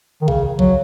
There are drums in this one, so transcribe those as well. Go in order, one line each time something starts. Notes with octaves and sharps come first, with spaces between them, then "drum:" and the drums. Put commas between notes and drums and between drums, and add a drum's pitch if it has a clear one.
D#3
C#3, drum: kick B1
F#3, drum: kick B1